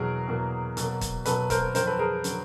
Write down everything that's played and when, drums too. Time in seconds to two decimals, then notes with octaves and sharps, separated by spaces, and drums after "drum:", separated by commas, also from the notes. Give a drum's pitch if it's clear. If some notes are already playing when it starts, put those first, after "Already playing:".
Already playing: E2 B2 F#3 A#3 G#4 A#4
0.28 E2 B2 F#3 A#3
0.77 B2 F#3 A#3, drum: hi-hat
1.01 drum: kick, hi-hat
1.25 B2 F#3 A#3 A4 B4, drum: hi-hat
1.50 A#4 C5, drum: kick, hi-hat
1.75 F2 D3 F#3 A#4 C5, drum: hi-hat
1.87 A4 B4
1.99 G#4 A#4
2.24 D3 F#3, drum: hi-hat